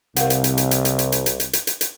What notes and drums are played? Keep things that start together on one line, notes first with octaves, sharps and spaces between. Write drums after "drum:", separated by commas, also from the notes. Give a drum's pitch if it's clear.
C2 C3 A#4 F5 F#5, drum: hi-hat
drum: hi-hat
drum: hi-hat
drum: hi-hat
drum: hi-hat
drum: hi-hat
drum: hi-hat
drum: hi-hat
drum: hi-hat
drum: hi-hat
drum: hi-hat
drum: hi-hat
drum: hi-hat